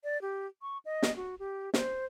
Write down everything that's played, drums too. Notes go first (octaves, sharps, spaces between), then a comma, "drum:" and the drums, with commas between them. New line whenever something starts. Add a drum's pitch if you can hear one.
D5
G4
C#6
D#5
drum: snare
F#4
G4
C5, drum: snare